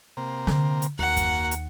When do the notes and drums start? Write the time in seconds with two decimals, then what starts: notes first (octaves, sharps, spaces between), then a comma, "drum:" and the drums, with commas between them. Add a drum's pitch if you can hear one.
0.17 C3 A#3
0.47 D3, drum: snare
0.82 drum: hi-hat
0.99 D#2 A#3 F#4 F#5
1.17 drum: kick F#2, hi-hat
1.51 drum: hi-hat